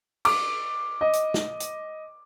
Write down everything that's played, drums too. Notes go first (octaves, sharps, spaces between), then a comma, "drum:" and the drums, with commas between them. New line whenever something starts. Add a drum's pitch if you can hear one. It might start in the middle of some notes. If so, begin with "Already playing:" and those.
D6, drum: cymbal
D#5
drum: hi-hat
drum: snare
drum: hi-hat